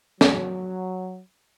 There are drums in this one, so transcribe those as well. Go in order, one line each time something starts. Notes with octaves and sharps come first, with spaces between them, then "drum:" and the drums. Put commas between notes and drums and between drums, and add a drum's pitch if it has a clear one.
F#3, drum: snare